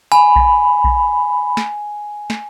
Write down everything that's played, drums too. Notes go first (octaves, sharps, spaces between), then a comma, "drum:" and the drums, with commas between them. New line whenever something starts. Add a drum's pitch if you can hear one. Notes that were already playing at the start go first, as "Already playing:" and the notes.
G#5 B5
drum: kick A#1
drum: kick A#1
drum: snare
drum: snare